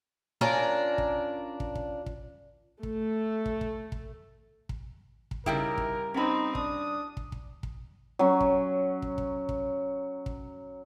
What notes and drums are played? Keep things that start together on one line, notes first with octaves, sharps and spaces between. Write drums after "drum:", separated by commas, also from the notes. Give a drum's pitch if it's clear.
C#4 D4 F4 A#4
drum: kick
drum: kick
drum: kick
drum: kick
A3, drum: kick
drum: kick
drum: kick
drum: kick
drum: kick
drum: kick
C#3 G3 D#4 E4 G#4 A#4 G5, drum: kick
drum: kick
C4 C#4 D#4 B5
D4 D#6, drum: kick
drum: kick
drum: kick
drum: kick
F#3 C#4
drum: kick
drum: kick
drum: kick
drum: kick
drum: kick